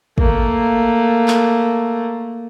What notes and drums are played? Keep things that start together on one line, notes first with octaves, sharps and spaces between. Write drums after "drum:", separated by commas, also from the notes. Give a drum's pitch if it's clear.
A3 A#3, drum: kick
drum: clap